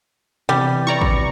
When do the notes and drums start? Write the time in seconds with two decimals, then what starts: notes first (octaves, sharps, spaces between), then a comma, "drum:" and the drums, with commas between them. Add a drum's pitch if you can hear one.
0.49 C3 E3 G3
0.87 E4 D5 A#5 C#6
1.01 drum: kick